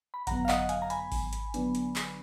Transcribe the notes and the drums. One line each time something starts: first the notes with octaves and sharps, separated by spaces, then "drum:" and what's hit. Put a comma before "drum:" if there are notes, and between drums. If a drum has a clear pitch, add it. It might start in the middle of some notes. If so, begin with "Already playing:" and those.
B5
F#2 D3 F#3 B3 F#5 A#5, drum: kick G#1, hi-hat
F5
D#5 F#5, drum: clap
F5 G#5, drum: hi-hat
A#5
G#5 B5, drum: hi-hat
drum: kick G#1, open hi-hat
drum: hi-hat
D3 F#3 B3 D4, drum: hi-hat
drum: hi-hat
drum: clap